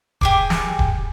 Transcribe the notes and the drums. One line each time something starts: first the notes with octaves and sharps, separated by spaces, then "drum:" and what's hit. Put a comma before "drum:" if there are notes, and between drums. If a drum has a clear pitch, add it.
G4 G#4 D6, drum: kick D#1
drum: snare
drum: kick D#1